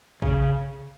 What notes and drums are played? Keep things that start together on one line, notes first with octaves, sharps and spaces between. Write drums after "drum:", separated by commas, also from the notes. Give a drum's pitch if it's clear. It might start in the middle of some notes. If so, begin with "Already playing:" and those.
C#3, drum: kick A#1